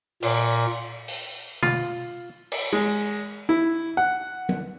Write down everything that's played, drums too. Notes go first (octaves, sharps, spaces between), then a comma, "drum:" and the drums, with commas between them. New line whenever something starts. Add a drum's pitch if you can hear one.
A#2, drum: cymbal
drum: open hi-hat
F4, drum: tom
drum: cymbal
G#3
E4
F#5
drum: tom